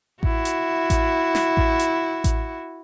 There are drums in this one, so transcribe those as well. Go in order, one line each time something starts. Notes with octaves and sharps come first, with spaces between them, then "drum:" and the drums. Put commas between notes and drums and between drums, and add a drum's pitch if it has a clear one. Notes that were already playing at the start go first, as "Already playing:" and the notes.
E4 F#4, drum: kick A1
drum: hi-hat
drum: kick A1, hi-hat
drum: snare
drum: kick A1
drum: hi-hat
drum: kick A1, hi-hat